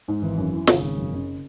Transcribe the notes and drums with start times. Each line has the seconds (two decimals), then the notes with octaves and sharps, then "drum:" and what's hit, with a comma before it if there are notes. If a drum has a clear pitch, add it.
0.08 G#2
0.22 G#1 E3
0.38 F#2
0.53 E3
0.67 G#1 C#3, drum: snare
0.82 G#1
0.98 F#2
1.12 F#1